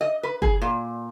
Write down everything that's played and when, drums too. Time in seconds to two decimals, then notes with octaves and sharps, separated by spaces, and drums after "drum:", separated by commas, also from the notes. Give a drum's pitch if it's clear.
0.01 D#5
0.23 B4
0.42 G#4, drum: kick F#1
0.62 A#2